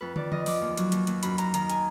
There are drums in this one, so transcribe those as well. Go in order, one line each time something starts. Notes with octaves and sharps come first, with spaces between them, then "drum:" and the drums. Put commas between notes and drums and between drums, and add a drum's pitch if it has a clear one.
F2 B4
F2 D5, drum: tom
F3 D#5, drum: tom
F3 D6, drum: open hi-hat
D#2
F#3, drum: hi-hat
D#2, drum: hi-hat
D#2, drum: hi-hat
F#2 B5, drum: hi-hat
F#2 A#5, drum: hi-hat
D#3 A#5, drum: hi-hat
G#5, drum: hi-hat